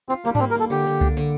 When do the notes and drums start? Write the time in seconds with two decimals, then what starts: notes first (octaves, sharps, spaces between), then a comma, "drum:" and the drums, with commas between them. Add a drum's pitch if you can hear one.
0.09 C4 F4
0.25 G3 A#3
0.35 D4, drum: tom G#2
0.40 A#3 C4
0.51 A#4
0.55 A#3 A4
0.70 D3 G4
0.86 D3
1.01 D4, drum: kick C#2
1.17 D3